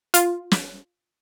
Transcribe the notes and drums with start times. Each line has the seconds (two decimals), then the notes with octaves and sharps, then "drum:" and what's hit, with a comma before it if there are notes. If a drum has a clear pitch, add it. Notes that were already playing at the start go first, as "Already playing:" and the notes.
0.14 F4, drum: hi-hat
0.51 drum: snare